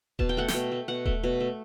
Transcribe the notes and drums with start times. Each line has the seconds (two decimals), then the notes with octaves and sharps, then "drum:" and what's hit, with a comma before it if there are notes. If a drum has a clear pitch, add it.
0.19 B2 A5, drum: kick D#1
0.29 G5
0.37 A3 F#5
0.48 G5, drum: snare
0.54 B2
0.72 A3
0.88 B2 F#5
1.06 A3, drum: kick D#1
1.24 B2
1.40 A3